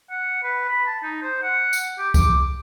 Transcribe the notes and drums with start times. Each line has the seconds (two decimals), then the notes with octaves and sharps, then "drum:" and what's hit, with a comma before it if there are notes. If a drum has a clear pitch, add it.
0.10 F#5
0.43 B4
0.69 B5
0.86 A5
1.03 D#4
1.22 C5
1.43 F#5
1.73 drum: tambourine
1.98 G4
2.14 D6, drum: kick C2, tambourine